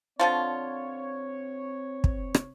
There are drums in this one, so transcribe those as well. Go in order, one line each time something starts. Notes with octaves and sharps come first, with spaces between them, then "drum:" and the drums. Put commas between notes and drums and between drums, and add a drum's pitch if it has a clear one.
D3 F3 C4 F4 C#5
drum: kick
drum: rim click